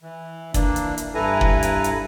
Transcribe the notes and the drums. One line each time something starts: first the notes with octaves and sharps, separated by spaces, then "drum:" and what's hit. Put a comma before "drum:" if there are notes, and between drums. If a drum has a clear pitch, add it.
E3
E3 A#3 D4, drum: kick, hi-hat
drum: hi-hat
drum: hi-hat
G2 E4 A4 B4 G#5 A#5
drum: kick
drum: hi-hat
drum: hi-hat